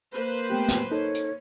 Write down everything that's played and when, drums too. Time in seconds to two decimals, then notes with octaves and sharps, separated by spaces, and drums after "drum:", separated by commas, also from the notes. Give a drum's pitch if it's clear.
0.12 A#3 B4 C5
0.50 A3 B3 G4 G5
0.68 drum: snare
0.91 D#4 A4 C#5
1.14 drum: hi-hat